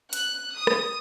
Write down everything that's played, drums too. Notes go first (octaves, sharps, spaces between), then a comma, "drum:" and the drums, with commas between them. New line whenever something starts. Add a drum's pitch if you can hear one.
F#6, drum: hi-hat
D#6
drum: rim click